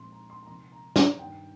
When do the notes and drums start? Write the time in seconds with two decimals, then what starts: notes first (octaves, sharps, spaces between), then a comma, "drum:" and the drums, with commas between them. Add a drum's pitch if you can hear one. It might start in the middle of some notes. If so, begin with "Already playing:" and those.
Already playing: A#2 F3 G#3 C4 C6
0.12 A#5
0.30 C6
0.43 A#5
0.47 C3 F3 A#3 C6
0.72 A#5
0.96 A#5, drum: snare
1.18 G2 D#3 A#3 G5